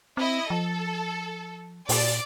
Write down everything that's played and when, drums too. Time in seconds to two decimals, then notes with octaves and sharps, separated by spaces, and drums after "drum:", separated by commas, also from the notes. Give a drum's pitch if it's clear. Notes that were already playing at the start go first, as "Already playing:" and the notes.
0.17 C4 E4 D#5
0.50 F3 A4
1.89 A#2 D5, drum: open hi-hat